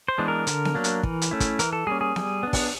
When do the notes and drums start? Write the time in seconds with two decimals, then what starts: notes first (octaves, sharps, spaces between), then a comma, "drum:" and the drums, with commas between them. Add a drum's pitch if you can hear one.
0.08 C5
0.18 E3 G#3 B3 D4
0.28 A#4
0.47 D3, drum: hi-hat
0.65 drum: snare B3
0.75 F#3 A#3 D4
0.84 drum: hi-hat
1.03 E3, drum: kick
1.22 drum: hi-hat
1.31 A3 C#4 E4
1.40 drum: kick, hi-hat
1.59 E3 A#4, drum: hi-hat
1.73 A4
1.87 G3 A#3 C#4 G#4
2.01 G#4
2.16 G3, drum: snare B3
2.43 B3 D4
2.53 drum: kick, open hi-hat